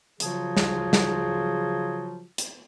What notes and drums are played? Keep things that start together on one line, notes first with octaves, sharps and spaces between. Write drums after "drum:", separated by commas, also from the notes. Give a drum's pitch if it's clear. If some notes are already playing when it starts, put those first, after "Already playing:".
C#3 F3 F#3 F4 F#4 G#4, drum: hi-hat
drum: snare
drum: snare
drum: hi-hat